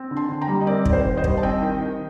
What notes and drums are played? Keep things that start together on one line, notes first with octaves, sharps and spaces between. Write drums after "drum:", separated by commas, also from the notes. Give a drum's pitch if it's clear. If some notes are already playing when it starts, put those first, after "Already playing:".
Already playing: C4
D3
A5 C6
D3
G5 A#5
G3
D#5
C4 A#4 D5
D#3, drum: kick
C5
D#3
C5 D#5
G3, drum: kick
A5
C4 D#5 G5
D#3
D#3